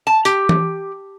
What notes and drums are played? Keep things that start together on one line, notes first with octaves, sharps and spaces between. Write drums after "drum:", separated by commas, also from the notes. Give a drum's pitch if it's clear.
A5
G4, drum: hi-hat
drum: tom